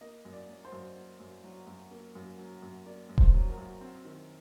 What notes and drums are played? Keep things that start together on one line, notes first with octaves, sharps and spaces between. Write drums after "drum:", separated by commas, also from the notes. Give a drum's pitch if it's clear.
A#3 D#5
F#2
D5
F#3
C5
F#2
A#3
F#2
F#3
F#2
A#3
F#2
F#3
F#2
A#3 D5
F#2
C5, drum: kick D#1
F#3
A#4
F#2
C4
D#3